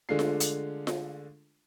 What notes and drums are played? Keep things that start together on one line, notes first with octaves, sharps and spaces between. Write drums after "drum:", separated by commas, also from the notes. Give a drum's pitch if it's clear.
D3 G#3 A3 D4 F4 C7
drum: snare F4
drum: hi-hat
drum: snare F4